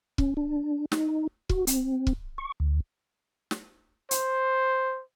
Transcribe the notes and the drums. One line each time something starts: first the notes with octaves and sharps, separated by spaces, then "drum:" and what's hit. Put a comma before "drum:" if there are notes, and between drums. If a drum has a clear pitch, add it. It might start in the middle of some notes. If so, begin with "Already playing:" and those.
C#4, drum: kick
D4
D#4, drum: snare
F#4, drum: kick
C4, drum: hi-hat
drum: kick
C#6
D2
drum: snare
C5, drum: hi-hat